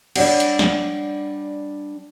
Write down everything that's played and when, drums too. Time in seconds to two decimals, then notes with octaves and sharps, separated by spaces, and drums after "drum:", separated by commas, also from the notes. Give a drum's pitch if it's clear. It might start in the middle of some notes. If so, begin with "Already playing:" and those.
0.16 G3 D4 C#5 D5 F#5, drum: cymbal
0.40 drum: hi-hat
0.59 drum: snare